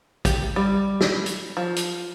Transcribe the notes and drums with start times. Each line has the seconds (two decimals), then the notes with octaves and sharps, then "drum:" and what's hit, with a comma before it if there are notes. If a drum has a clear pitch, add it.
0.25 G4, drum: kick, hi-hat
0.56 G3
1.01 drum: snare
1.26 drum: hi-hat
1.57 F3
1.76 drum: hi-hat